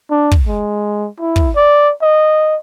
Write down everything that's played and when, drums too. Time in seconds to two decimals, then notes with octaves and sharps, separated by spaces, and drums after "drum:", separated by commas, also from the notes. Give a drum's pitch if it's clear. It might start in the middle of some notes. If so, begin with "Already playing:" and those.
0.11 D4
0.31 drum: kick
0.47 G#3
1.20 E4
1.36 drum: kick
1.56 D5
2.02 D#5